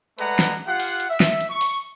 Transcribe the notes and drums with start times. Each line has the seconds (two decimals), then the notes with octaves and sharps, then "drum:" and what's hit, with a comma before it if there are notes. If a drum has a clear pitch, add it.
0.19 G#3 A3 B4 D5 F#5 A#5, drum: hi-hat
0.39 drum: snare
0.67 F4 G4 F5 F#5
0.80 drum: open hi-hat
1.00 drum: hi-hat
1.09 E5
1.20 drum: snare
1.41 drum: hi-hat
1.50 C#6
1.61 drum: open hi-hat